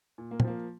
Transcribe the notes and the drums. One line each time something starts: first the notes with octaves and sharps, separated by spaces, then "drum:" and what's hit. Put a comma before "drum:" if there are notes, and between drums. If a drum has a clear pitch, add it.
A#2
A#3
C4, drum: tom
F3 A#3